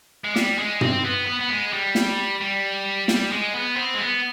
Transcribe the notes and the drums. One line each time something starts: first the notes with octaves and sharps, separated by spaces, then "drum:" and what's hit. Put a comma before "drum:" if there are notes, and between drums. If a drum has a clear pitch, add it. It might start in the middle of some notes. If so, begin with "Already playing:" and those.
G#3
G3, drum: snare
G#3
C4, drum: tom
B3
B3
B3
G#3
G3
drum: snare
G3
G3, drum: snare
G#3
B3
C4
G#3
B3